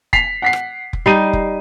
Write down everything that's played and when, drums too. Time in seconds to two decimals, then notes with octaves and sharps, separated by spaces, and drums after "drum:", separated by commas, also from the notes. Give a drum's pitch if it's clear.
0.13 B6 C7 F7, drum: kick F1
0.42 F#5 B6 C7
0.53 drum: rim click
0.93 drum: kick F1
1.06 G3 D#4 C7 D#7
1.33 drum: kick F1